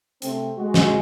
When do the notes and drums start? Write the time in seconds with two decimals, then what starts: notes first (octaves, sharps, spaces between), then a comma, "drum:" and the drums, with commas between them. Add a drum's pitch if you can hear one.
0.22 C3 A3 C4, drum: hi-hat
0.57 G#3 F#4
0.74 drum: snare